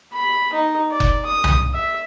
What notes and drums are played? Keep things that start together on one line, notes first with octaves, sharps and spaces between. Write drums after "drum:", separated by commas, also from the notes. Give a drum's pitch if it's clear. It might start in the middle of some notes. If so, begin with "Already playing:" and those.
B5
D#4
D5
drum: kick F1
D#6
drum: tom C2
E5